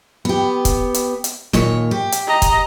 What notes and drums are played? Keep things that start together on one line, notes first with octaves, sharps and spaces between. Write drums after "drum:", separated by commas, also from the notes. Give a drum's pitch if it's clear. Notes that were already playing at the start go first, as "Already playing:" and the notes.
B3 G4
drum: kick, hi-hat
drum: hi-hat
drum: hi-hat
D#2 A#2 C#5, drum: snare
G4
drum: hi-hat
D#5 A#5
drum: kick, hi-hat